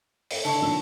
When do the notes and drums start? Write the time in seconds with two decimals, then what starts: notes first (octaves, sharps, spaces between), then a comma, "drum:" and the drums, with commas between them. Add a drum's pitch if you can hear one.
0.31 A4 E5, drum: open hi-hat
0.45 D3 A4 C#5 E5
0.62 A#1 D#3 E6